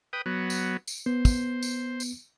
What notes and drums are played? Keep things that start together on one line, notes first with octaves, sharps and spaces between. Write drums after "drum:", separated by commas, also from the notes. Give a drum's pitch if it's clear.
B4 G5 D#6
F#3 B3
drum: tambourine
drum: tambourine
B3 C5
drum: kick, tambourine
drum: tambourine
drum: tambourine